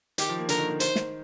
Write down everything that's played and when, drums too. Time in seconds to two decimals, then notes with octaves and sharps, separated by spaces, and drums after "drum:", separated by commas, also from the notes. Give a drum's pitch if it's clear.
0.18 D#3 G4, drum: hi-hat
0.29 F3
0.39 A#3
0.49 D3 A#4, drum: hi-hat
0.59 D#3
0.70 D#3
0.80 C5, drum: hi-hat
0.96 drum: snare